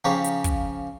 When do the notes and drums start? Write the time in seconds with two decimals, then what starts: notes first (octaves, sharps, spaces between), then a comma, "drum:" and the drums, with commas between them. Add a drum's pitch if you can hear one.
0.05 C#3 F3 D#4 G4 C#5
0.24 drum: hi-hat
0.44 drum: kick, hi-hat